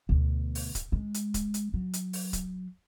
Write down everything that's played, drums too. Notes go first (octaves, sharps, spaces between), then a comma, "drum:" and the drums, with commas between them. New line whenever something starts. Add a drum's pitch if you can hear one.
D2 B2
drum: open hi-hat
drum: kick D1, hi-hat
G#3
drum: hi-hat
drum: kick D1, hi-hat
drum: hi-hat
F#3
drum: hi-hat
drum: open hi-hat
drum: kick D1, hi-hat